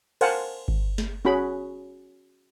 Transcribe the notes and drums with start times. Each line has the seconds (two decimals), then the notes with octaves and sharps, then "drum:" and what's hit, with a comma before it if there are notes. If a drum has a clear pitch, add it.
0.21 A#4 C5 F5 F#5 G#5 A5, drum: cymbal
0.68 drum: kick G1
0.98 drum: snare
1.25 C#4 F#4 G#4 B5